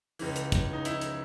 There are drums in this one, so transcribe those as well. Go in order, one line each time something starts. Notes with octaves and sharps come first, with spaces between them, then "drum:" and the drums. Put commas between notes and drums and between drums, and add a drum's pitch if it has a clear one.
C#2 C#3 E3, drum: open hi-hat
drum: hi-hat
drum: kick, hi-hat
D#4
E4, drum: hi-hat
drum: hi-hat